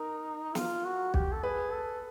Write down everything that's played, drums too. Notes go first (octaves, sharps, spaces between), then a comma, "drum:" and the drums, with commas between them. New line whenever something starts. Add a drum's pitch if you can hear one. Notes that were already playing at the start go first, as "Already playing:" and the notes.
Already playing: D#4 A#4
F4, drum: snare
F#4
G4, drum: kick B1
A4
G#4 B4
A4